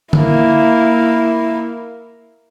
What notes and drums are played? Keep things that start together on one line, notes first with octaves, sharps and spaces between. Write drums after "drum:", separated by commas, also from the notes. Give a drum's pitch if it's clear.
A#3 E4, drum: tom D3